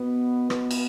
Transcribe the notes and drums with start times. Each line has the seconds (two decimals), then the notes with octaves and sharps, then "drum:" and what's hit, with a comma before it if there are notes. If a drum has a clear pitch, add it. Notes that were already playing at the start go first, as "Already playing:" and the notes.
Already playing: B2 B3
0.50 B3, drum: rim click
0.71 drum: cymbal